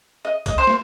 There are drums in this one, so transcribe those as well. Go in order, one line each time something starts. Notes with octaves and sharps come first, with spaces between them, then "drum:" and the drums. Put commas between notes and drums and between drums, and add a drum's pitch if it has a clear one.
D#5
D#5, drum: kick C2, hi-hat
C5
drum: snare